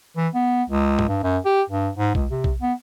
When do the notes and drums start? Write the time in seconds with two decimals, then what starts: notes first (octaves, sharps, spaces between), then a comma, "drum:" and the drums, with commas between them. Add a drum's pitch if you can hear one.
0.17 E3
0.35 B3
0.70 C#2
0.99 drum: tom
1.08 G2
1.23 F#2
1.46 G4
1.70 G2
1.98 G#2
2.15 C#2, drum: kick B1
2.31 C3
2.44 drum: kick B1
2.62 B3